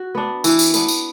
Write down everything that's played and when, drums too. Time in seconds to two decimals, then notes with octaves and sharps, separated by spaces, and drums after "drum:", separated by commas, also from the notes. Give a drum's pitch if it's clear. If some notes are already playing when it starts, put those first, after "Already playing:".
Already playing: F#4
0.15 B3 D4
0.44 E3, drum: tambourine
0.59 drum: tambourine
0.74 B3 D4, drum: tambourine
0.88 drum: tambourine